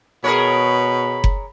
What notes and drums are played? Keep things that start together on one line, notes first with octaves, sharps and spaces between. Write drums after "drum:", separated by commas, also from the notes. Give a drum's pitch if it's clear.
B2 G#4 A#4 C#5 B5
drum: kick F#1